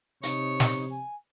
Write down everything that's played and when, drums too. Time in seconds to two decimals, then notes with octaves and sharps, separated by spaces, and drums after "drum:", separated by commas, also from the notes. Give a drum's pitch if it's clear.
0.23 C3 D#4 C#5, drum: hi-hat
0.60 drum: snare
0.90 G#5